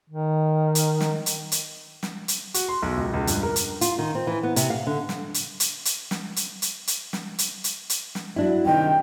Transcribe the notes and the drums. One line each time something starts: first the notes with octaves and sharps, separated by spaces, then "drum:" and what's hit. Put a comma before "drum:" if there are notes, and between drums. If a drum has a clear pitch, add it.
D#3
drum: hi-hat
drum: snare
drum: hi-hat
drum: hi-hat
drum: snare
drum: hi-hat
F#4, drum: hi-hat
C6
B1
C#2
C#2
G2, drum: hi-hat
A#4
drum: hi-hat
F4, drum: hi-hat
D#3
C4
E3
B3
C3, drum: hi-hat
F5
D3
drum: snare
drum: hi-hat
drum: hi-hat
drum: hi-hat
drum: snare
drum: hi-hat
drum: hi-hat
drum: hi-hat
drum: snare
drum: hi-hat
drum: hi-hat
drum: hi-hat
drum: snare
F#3 D4 E4
C3 D#3 D#4 G5